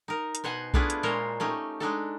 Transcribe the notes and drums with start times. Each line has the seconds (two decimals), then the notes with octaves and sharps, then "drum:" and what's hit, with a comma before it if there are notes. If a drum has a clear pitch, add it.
0.08 D#4 A#4
0.35 drum: hi-hat
0.44 B2 C5 F#5 G#5
0.74 A3 B3 D4 E4 F4 G#4, drum: kick B1
0.90 drum: hi-hat
1.03 A#2 G#3 A#4 C5 C#5
1.40 A3 C#4 D#4 G4
1.80 G#3 D4 D#4 A4